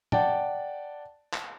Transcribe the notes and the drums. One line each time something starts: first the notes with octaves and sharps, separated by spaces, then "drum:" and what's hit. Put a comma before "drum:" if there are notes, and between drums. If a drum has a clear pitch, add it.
D5 F#5 G5 A5, drum: tom
drum: clap